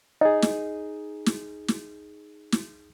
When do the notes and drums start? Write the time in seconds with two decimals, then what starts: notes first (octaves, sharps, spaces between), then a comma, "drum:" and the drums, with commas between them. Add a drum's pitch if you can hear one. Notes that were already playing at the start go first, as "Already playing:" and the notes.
0.21 D#4 G#4 D#5
0.42 drum: snare
1.26 drum: snare
1.68 drum: snare
2.52 drum: snare